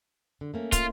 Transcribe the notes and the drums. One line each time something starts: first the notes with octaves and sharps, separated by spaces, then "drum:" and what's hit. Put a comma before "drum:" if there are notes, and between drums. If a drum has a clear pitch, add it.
D3
A3 A#3 C#4
F4, drum: kick, hi-hat